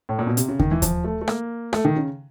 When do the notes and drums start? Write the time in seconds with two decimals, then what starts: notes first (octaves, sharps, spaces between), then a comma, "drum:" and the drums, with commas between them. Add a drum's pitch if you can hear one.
0.09 A2
0.19 A#2
0.27 B2
0.37 C3, drum: hi-hat
0.48 C#3
0.59 D#3, drum: kick
0.71 E3
0.82 F3, drum: kick, hi-hat
1.04 A3
1.21 A3
1.28 A#3, drum: rim click
1.73 A3, drum: rim click
1.85 D#3
1.96 C#3